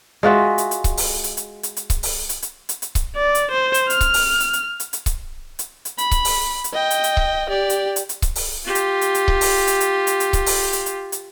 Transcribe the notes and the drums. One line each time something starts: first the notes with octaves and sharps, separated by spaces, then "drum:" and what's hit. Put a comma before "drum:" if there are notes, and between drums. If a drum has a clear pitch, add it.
G#3 F4 F#4 E5
drum: hi-hat
drum: hi-hat
drum: kick C#1, hi-hat
drum: open hi-hat
drum: hi-hat
drum: hi-hat
drum: hi-hat
drum: hi-hat
drum: kick C#1, hi-hat
drum: open hi-hat
drum: hi-hat
drum: hi-hat
drum: hi-hat
drum: hi-hat
drum: kick C#1, hi-hat
D5
drum: hi-hat
C5
drum: hi-hat
F6, drum: hi-hat
drum: kick C#1, hi-hat
drum: open hi-hat
drum: hi-hat
drum: hi-hat
drum: hi-hat
drum: hi-hat
drum: kick C#1, hi-hat
drum: hi-hat
drum: hi-hat
B5, drum: hi-hat
drum: kick C#1, hi-hat
drum: open hi-hat
drum: hi-hat
D#5 G5
drum: hi-hat
drum: hi-hat
drum: kick C#1
G4 D5
drum: hi-hat
drum: hi-hat
drum: hi-hat
drum: kick C#1, hi-hat
drum: open hi-hat
F4 G4
drum: hi-hat
drum: hi-hat
drum: hi-hat
drum: kick C#1
drum: open hi-hat
drum: hi-hat
drum: hi-hat
drum: hi-hat
drum: hi-hat
drum: kick C#1, hi-hat
drum: open hi-hat
drum: hi-hat
drum: hi-hat
drum: hi-hat